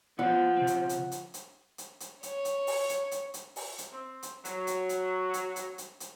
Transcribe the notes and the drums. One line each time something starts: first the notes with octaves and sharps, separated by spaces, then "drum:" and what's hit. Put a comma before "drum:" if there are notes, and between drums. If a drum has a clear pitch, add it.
F3 B3 C5 F#5
C#3 C4
drum: hi-hat
drum: hi-hat
drum: hi-hat
drum: hi-hat
drum: hi-hat
drum: hi-hat
C#5, drum: hi-hat
drum: hi-hat
drum: open hi-hat
drum: hi-hat
drum: hi-hat
drum: hi-hat
drum: open hi-hat
drum: hi-hat
C4
drum: hi-hat
F#3, drum: hi-hat
drum: hi-hat
drum: hi-hat
drum: hi-hat
drum: hi-hat
drum: hi-hat
drum: hi-hat